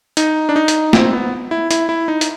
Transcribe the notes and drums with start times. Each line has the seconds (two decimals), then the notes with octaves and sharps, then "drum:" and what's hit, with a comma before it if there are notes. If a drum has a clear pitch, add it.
0.17 D#4, drum: hi-hat
0.49 D4
0.56 D#4
0.68 drum: hi-hat
0.93 C4, drum: snare
1.13 B3
1.51 E4
1.71 E4, drum: hi-hat
1.89 E4
2.08 D#4
2.21 drum: hi-hat